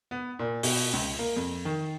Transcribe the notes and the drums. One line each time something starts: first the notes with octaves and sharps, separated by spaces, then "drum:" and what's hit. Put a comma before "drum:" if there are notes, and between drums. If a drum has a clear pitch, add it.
B3
A#2
B2, drum: open hi-hat
C#2
A#3
F2
D#3